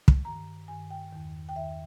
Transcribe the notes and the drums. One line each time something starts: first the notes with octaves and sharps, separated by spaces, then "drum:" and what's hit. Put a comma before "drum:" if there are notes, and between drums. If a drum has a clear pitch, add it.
drum: kick
G2 D#3 A#5
G2 D#3 G#5
G5
E2 D#3
G5
E2 D#3 E5